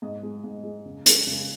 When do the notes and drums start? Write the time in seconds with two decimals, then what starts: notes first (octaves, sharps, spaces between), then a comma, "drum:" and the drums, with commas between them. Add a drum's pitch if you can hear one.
0.02 G#2 D#5
0.23 G#3
0.44 G#2
0.64 G#3
0.86 C#3
1.06 G#3, drum: hi-hat
1.27 C#3